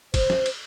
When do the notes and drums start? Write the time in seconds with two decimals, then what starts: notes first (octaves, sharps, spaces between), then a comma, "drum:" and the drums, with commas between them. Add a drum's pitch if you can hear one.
0.14 C5, drum: kick, cymbal
0.30 drum: snare
0.46 drum: cymbal